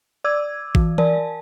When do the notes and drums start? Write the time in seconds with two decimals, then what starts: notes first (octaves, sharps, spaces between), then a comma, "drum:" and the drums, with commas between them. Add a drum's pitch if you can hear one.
0.24 D5 D6 E6 G#6
0.75 E3, drum: kick
0.98 A#4 D5 G#5 A5, drum: tom E3